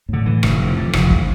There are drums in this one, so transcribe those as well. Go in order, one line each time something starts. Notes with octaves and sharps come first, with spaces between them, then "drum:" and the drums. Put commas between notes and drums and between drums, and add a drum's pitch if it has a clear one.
A2 D3
D3 E3
F1, drum: rim click
F2
D3
F1, drum: rim click
drum: kick